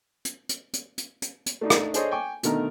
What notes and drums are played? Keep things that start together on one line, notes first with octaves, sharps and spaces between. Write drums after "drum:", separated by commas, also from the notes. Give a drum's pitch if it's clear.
drum: hi-hat
drum: hi-hat
drum: hi-hat
drum: hi-hat
drum: hi-hat
drum: hi-hat
A3 D4 D#4
drum: rim click
D4 G#4 A4 C5 C#5 D#5, drum: hi-hat
G5 G#5 C#6 D6
B2 D3 D#3 A3 A#4 F6, drum: hi-hat